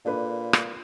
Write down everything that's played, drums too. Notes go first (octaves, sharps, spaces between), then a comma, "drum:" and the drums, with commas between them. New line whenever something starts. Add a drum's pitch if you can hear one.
A#2 D4 A4 B4
drum: rim click